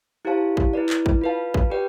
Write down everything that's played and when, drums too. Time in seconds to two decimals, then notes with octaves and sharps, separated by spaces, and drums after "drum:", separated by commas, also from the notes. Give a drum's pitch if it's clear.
0.25 E4 G4 C5 F5 A5
0.57 drum: kick
0.73 E4 B4 D5
0.90 drum: clap
1.06 drum: kick
1.21 F4 B4 F5 A5
1.54 drum: kick
1.70 G4 B4 D5 G5